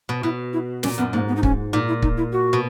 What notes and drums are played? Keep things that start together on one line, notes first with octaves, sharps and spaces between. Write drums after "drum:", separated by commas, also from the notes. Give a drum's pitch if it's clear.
B2
B2 E4
E4
A#2 C#4, drum: snare
F#2 B3
G#2 A#3
B3
D#4
C#4, drum: kick
A#2 D#4
E4
D#4, drum: kick
E4
F#4
B2